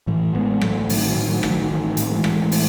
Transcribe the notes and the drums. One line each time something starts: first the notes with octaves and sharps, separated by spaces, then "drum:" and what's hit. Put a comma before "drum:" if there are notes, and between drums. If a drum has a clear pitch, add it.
A2 E3
A1 G#3 B3
A1 F#3 A3, drum: rim click
A2 D#3, drum: open hi-hat
D#3 F#3
A2
D#3 F#3
A1, drum: rim click
D#3 F#3
A1 D#3 F#3
A2, drum: hi-hat
E3 G#3
A2, drum: rim click
drum: open hi-hat